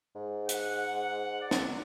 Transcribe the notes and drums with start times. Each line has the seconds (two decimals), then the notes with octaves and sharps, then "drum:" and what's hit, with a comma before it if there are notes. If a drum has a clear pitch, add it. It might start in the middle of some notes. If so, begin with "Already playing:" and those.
0.15 G#2
0.49 F#5, drum: hi-hat
1.41 D5
1.51 drum: snare